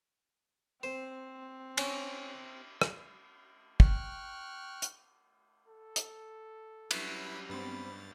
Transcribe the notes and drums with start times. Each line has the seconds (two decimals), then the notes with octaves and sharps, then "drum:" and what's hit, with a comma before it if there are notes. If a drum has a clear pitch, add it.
0.83 C4 C5
1.77 C#4, drum: cymbal
2.81 drum: rim click
3.80 G5 C#6 F6 F#6, drum: kick
4.82 drum: hi-hat
5.68 A4
5.96 drum: hi-hat
6.91 F#3 G3 C#4 E4 B4, drum: cymbal
7.49 G2 B3 C4 B5 A6